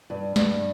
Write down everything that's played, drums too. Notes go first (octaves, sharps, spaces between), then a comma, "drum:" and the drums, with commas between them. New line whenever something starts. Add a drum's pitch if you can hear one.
G2
G2, drum: snare